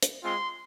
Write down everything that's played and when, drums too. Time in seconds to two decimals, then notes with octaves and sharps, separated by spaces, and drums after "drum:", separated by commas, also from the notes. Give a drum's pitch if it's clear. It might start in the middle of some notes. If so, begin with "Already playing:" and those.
0.03 drum: hi-hat
0.23 G#3 C4 F4 C6